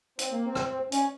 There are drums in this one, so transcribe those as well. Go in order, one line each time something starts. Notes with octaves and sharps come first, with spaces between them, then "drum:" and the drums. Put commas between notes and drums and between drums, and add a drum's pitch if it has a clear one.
C4, drum: hi-hat
A#3
C4
drum: rim click
C#4, drum: hi-hat